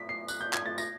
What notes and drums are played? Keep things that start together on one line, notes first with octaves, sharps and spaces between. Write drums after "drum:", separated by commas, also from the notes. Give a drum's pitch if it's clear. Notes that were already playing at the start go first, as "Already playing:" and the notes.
Already playing: B6
C7
F#6, drum: tambourine
G6
G#6, drum: clap
A6
A#6, drum: tambourine